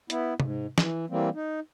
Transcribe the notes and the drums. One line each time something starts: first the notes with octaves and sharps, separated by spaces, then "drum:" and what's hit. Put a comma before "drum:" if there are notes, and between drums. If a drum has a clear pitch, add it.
B3 E4, drum: hi-hat
G#2, drum: tom C3
E3, drum: snare
E3 G3 A#3 C4
D#4